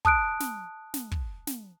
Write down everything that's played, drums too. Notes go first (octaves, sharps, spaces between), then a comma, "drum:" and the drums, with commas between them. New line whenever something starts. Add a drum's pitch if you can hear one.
A5 D#6 F#6 D7, drum: kick
drum: snare
drum: snare
drum: kick
drum: snare